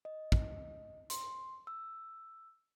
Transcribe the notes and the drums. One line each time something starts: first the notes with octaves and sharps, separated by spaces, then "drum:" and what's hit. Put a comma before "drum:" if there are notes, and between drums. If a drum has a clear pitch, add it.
D#5
drum: kick
C6, drum: hi-hat
E6